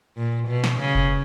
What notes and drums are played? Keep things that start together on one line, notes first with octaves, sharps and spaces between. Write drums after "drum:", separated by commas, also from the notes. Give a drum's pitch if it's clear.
A#2
B2
drum: snare
C#3
drum: kick F1